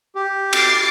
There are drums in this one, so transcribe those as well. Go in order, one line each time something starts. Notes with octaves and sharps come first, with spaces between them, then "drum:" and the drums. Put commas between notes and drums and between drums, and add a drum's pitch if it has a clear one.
G4
D6 A6 C7, drum: cymbal